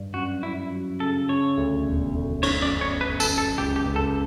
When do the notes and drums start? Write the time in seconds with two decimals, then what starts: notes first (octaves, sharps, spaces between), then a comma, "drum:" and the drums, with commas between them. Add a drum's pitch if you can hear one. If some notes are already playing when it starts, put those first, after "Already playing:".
Already playing: G2
0.14 F#2 F#4
0.43 F#2 E4
0.71 F#3
1.00 C#3 A4
1.28 C#3 C#5
1.57 D2
1.86 E1
2.14 D2
2.43 F#2 C#5, drum: cymbal
2.62 D5
2.72 G1
2.81 C#5
3.00 G1 B4
3.20 A4, drum: tambourine
3.29 F#2
3.38 A4
3.57 C#2 G4
3.76 G4
3.86 C#2
3.96 A4